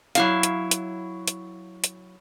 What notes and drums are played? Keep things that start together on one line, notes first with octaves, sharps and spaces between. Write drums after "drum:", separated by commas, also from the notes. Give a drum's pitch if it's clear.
F#3 E4 F5, drum: hi-hat
drum: hi-hat
drum: hi-hat
drum: hi-hat
drum: hi-hat